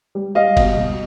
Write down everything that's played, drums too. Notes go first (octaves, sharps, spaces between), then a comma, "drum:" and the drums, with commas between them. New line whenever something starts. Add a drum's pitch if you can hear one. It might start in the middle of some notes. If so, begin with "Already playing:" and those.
G3
G3 D#5 F5
B2, drum: kick F#1, cymbal
B2